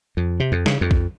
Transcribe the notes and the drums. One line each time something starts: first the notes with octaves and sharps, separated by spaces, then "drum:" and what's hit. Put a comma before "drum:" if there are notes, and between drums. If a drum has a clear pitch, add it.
F2
C3
F2
C#3, drum: snare
F2
drum: kick